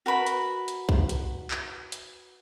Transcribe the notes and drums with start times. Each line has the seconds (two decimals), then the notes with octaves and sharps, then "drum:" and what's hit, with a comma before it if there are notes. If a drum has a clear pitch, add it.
0.06 F#4 A#4 B4 B5
0.27 drum: hi-hat
0.68 drum: hi-hat
0.89 drum: kick B1
1.09 drum: hi-hat
1.51 drum: clap
1.92 drum: hi-hat